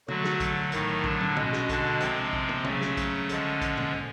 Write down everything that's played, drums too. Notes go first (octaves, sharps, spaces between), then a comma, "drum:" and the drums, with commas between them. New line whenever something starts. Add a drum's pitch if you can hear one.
D3 F#3 A3 F#4, drum: tom
drum: snare
drum: kick, hi-hat
A2 D#3 F#3 A3 D#4, drum: hi-hat
D3 D4, drum: kick
drum: tom
B2 G#3 C#4, drum: tom
drum: snare
D3 D4, drum: kick, hi-hat
C3 F3 G#3 C4, drum: hi-hat
drum: kick
drum: tom
C#3 F#3 A3 C#4, drum: tom
drum: snare
drum: kick, hi-hat
D3 F3 G#3, drum: hi-hat
drum: kick, hi-hat
drum: tom
drum: tom